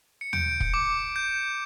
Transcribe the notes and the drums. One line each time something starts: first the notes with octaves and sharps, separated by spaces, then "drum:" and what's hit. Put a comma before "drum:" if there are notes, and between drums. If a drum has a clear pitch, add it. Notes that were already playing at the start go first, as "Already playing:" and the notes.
C#7
G6 D7, drum: tom
drum: kick
D6
G6